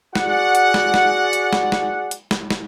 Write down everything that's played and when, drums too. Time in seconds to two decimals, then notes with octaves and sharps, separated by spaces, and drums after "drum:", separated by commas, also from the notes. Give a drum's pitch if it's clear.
0.15 F#4 G#4 D5 F#5, drum: snare
0.55 drum: hi-hat
0.74 drum: snare
0.94 drum: snare
1.33 drum: hi-hat
1.53 drum: snare
1.72 drum: snare
2.11 drum: hi-hat
2.31 drum: snare
2.51 drum: snare